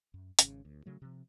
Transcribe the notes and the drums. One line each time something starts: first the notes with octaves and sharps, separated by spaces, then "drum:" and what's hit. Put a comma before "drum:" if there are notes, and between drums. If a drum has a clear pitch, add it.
F#2
G#1 C#3 C#4, drum: hi-hat
D2
C#3 F#3 A3
C3 F3